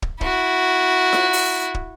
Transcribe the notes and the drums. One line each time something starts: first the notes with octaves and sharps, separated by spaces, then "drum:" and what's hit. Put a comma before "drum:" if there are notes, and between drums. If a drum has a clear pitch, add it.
drum: kick
E4 F#4, drum: kick
drum: snare F4
drum: open hi-hat
drum: kick